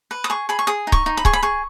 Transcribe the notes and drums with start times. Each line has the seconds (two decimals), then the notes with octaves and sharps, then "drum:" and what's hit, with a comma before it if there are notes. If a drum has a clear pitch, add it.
0.11 B4
0.24 D#6
0.30 G#4 C#6
0.49 G#4 B5
0.59 C#6
0.67 G#4 D#6
0.87 D#4
0.92 C#6, drum: kick C#1
1.06 D#4
1.17 B5
1.25 G#4 C#6, drum: kick C#1
1.33 B5
1.43 G#4 C#6